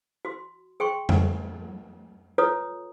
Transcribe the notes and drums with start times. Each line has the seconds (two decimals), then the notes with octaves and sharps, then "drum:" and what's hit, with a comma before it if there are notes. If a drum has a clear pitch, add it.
0.25 F#4 C6
0.80 G#4 G5 C6 C#6
1.09 drum: tom F2
2.38 F4 A4 B4 C#5 A#5 D#6